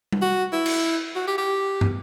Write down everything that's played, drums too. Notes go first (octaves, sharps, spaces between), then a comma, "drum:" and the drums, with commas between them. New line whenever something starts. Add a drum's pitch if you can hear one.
drum: tom G3
F#4
E4
drum: cymbal
F#4
G4
G4
drum: tom